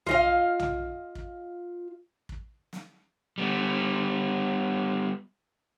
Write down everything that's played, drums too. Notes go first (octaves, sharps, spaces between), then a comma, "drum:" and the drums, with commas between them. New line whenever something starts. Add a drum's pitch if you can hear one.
F4 D#5 F5, drum: tom B1
drum: tom B1
drum: kick
drum: kick
drum: snare
G3 B3